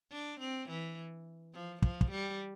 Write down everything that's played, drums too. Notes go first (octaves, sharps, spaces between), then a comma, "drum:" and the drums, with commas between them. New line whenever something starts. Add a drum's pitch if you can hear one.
D4
C4
E3
F3
F3, drum: kick
drum: kick
G3